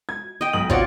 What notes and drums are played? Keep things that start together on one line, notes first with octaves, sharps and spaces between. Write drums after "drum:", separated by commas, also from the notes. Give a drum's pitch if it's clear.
G#6
D#5 G5
B1 D#6 F#7
C4 F4 F#4 C#5 D5, drum: kick